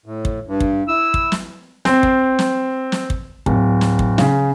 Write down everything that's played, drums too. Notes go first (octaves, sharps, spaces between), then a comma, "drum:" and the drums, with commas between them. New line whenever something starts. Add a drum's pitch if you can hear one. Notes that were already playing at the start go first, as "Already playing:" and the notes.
A2
drum: kick
G2
drum: kick
E4 E6
drum: kick
drum: snare
C4, drum: snare
drum: kick
drum: snare
drum: snare
drum: kick
D1, drum: kick
drum: snare
drum: kick
C#3, drum: snare